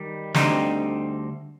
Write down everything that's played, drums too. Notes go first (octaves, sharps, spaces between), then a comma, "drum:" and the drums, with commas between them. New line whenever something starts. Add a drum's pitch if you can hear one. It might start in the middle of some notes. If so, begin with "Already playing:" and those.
Already playing: D#3 G3
D2 D3 G3 C4 D#4, drum: snare